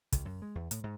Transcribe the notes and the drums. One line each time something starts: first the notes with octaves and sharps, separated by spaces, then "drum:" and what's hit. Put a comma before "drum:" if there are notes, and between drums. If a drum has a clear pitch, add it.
C#2, drum: kick, hi-hat
F#2
G#3
E2
A2, drum: hi-hat
G#2